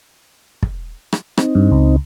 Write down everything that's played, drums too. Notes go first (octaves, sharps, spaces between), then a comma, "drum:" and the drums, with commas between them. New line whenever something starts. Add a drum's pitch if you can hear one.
drum: kick
drum: rim click
C4 D#4, drum: rim click
G2
C#2